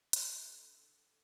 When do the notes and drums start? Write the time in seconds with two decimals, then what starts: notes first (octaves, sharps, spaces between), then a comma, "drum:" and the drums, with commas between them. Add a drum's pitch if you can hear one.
0.13 D4 A4, drum: hi-hat